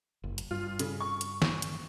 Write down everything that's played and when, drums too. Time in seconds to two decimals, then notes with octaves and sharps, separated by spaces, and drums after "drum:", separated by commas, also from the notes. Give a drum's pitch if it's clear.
0.24 F#1
0.38 drum: hi-hat
0.51 G2 F4
0.79 C#3, drum: hi-hat
1.00 C#6
1.21 drum: hi-hat
1.42 drum: snare
1.62 drum: hi-hat